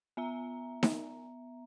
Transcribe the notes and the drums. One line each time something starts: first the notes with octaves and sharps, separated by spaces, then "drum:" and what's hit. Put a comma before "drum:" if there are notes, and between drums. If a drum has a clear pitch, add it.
B3 E5 A#5
drum: snare D#4